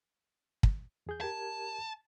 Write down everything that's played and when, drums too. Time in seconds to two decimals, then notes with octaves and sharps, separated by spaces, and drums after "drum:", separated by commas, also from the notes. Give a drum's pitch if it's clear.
0.63 drum: kick
1.07 E2 G#4 G6
1.21 G4 A#4 A5 G#6